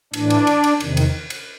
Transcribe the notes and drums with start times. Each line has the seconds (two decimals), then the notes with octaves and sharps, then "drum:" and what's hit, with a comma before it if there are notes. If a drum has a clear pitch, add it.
0.13 A2 E3 D4, drum: cymbal
0.30 drum: cymbal
0.47 drum: cymbal
0.64 drum: cymbal
0.80 E2 C3 D#3, drum: cymbal
0.97 drum: cymbal
1.30 drum: cymbal